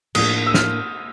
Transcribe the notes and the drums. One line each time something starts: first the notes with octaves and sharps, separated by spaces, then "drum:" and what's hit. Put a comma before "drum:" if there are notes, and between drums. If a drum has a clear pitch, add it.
A2 F3 A#3 D4 F4 D#6, drum: cymbal
E6
F6, drum: snare